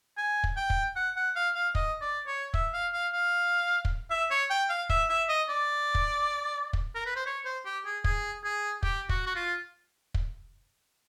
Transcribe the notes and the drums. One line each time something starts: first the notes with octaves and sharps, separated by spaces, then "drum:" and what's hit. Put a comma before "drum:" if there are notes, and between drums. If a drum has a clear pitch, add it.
G#5
drum: kick
G5
drum: kick
F#5
F#5
F5
F5
D#5, drum: kick
D5
C#5
E5, drum: kick
F5
F5
F5
drum: kick
E5
C#5
G5
F5
E5, drum: kick
E5
D#5
D5
drum: kick
drum: kick
A#4
B4
C5
C#5
C5
G4
G#4
G#4, drum: kick
G#4
G4, drum: kick
F#4, drum: kick
F#4
F4
drum: kick